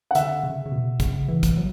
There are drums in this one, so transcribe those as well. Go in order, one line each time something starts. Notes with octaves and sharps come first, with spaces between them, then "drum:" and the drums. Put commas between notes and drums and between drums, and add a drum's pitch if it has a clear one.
F#5
D3 E5, drum: hi-hat
C#3
C#3
B2
C#3, drum: kick, hi-hat
E3
drum: kick, hi-hat
F#3